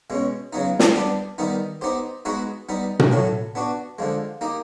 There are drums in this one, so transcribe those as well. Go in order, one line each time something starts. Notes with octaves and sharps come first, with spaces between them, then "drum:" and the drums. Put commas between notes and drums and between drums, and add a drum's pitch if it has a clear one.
B2 G#3 C#4
C#3 F#3 B3 D#4
drum: snare
G3 B3 D4
D#3 G3 B3 D#4
B3 D#4 G4 C5
G#3 B3 D#4 F#4 B4
G3 B3 D#4
drum: tom A#2
A2 F#3 A3
B3 D4 F#4
D3 F3 G#3
A#3 D#4 G4